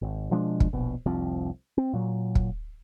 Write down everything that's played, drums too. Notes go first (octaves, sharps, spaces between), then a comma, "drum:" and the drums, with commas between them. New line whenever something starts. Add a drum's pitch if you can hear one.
G#1
B2 F3 G#3 D4
drum: kick
A#1 B2
F1 C2 F3 C4
C4
A#2 F#3
drum: kick